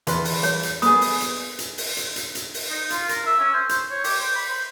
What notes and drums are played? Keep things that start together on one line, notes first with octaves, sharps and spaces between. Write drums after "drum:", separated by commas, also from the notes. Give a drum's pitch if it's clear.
E2 B4 C6, drum: hi-hat
drum: open hi-hat
C#5, drum: hi-hat
drum: hi-hat
B3 G#4 D#6, drum: hi-hat
drum: open hi-hat
drum: hi-hat
drum: hi-hat
drum: open hi-hat
drum: hi-hat
drum: hi-hat
drum: hi-hat
drum: open hi-hat
D#4
F4, drum: hi-hat
A#4, drum: hi-hat
E5
C#4
C5
C5, drum: hi-hat
C#5
G4, drum: open hi-hat
C5
B5
C5